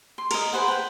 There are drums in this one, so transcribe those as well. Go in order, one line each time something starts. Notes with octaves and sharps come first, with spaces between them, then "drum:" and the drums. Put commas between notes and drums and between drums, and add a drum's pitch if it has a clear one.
C6
A#4 D#5, drum: cymbal
G#4 B4 C5 F#5
B4 G5